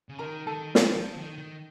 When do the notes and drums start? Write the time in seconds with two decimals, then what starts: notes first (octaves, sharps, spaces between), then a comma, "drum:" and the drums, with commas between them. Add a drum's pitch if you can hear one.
0.09 C#3
0.19 D#3 A#4 A#5
0.47 D#3 A4 A5
0.75 F3, drum: snare
0.96 F3
1.17 D#3
1.38 D#3